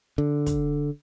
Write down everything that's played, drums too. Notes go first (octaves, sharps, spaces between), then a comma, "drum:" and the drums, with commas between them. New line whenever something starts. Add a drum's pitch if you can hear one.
D3
drum: kick, hi-hat